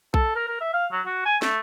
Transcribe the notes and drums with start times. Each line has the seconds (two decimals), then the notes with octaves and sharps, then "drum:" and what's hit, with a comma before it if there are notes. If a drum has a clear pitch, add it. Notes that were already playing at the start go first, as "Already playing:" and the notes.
0.14 A4, drum: kick B1
0.36 A#4
0.48 A#4
0.61 E5
0.73 F5
0.92 F#3
1.06 F#4
1.26 G#5
1.42 A3, drum: snare